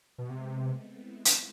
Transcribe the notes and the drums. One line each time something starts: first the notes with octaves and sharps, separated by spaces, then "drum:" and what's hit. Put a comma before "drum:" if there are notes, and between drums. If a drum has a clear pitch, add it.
B2
C3 G#3 B3
A3 C4
C4 E4
drum: hi-hat